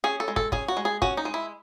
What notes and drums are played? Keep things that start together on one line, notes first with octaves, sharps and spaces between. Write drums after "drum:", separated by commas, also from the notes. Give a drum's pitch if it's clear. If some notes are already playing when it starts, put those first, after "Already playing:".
C#4 G#4
A4
G#3
A4, drum: kick
C#4 G#4, drum: kick
F#4
G#3
G#4
C#4 F#4, drum: kick
D#4
G#3
E4